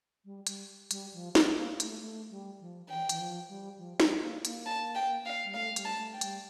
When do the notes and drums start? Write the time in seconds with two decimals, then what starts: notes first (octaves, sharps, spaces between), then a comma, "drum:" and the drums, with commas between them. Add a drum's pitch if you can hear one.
0.25 G3
0.47 G3, drum: hi-hat
0.91 G3, drum: hi-hat
1.14 F3
1.35 G3, drum: snare
1.57 A#3
1.80 A3, drum: hi-hat
2.01 A3
2.30 G3
2.61 F3
2.89 E3 G5
3.09 E3, drum: hi-hat
3.19 F3
3.49 G3
3.78 F3
4.00 G3, drum: snare
4.22 A#3
4.45 A#3, drum: hi-hat
4.66 A5
4.95 G5
5.26 F5
5.45 G3
5.54 A3 F5
5.76 G3, drum: hi-hat
5.85 A5
5.98 A3
6.13 G5
6.21 G3, drum: hi-hat